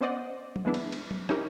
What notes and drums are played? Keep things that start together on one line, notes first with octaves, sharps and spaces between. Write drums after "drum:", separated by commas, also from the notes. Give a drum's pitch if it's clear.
B3 C#4 C5 D5 D#5 F#5
drum: tom F#3
E3 G#3 B3 D4 E4
drum: cymbal
drum: cymbal
drum: tom F#3
C#4 D#4 E4 G4 A#4, drum: rim click